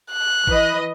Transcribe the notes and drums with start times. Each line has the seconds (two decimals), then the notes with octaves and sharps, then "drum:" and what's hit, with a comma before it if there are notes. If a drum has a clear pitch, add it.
0.12 F#6
0.47 E3 B4 D#5, drum: kick